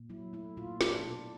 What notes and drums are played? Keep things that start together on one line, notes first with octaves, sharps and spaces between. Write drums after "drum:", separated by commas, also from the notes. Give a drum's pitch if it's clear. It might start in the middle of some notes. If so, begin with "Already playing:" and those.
Already playing: A#2
F#3 E4
A3 E4
A#2 F4
D4, drum: snare
B2